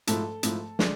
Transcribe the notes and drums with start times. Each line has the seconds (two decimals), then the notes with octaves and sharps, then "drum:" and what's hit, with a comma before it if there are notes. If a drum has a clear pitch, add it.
0.07 G#2 F3 A3 E4 A4, drum: hi-hat
0.43 G#2 F3 A3 E4, drum: hi-hat
0.79 D3 G#3 D4, drum: snare